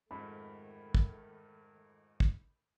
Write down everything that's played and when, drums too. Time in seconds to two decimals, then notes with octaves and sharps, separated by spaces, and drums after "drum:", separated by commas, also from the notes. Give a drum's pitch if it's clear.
0.11 F2 G#2 D#3 A3 B5
0.95 drum: kick
2.20 drum: kick